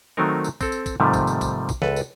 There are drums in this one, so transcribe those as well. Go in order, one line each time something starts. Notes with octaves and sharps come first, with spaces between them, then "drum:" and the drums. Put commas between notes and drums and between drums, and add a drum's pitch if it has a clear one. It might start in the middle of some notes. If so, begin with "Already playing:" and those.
D#3 F#3 A3 C4 D#4 A#4
drum: tambourine
C4 A4, drum: kick, tambourine
drum: tambourine
drum: kick, tambourine
G#2 C3 D#3 F3 G3 A3
drum: kick, tambourine
drum: tambourine
drum: kick, tambourine
drum: kick, tambourine
C#2 A4 B4, drum: snare
drum: tambourine